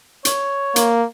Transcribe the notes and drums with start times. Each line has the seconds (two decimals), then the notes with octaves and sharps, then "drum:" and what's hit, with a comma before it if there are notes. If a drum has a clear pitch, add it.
0.25 C#5, drum: hi-hat
0.76 A#3, drum: hi-hat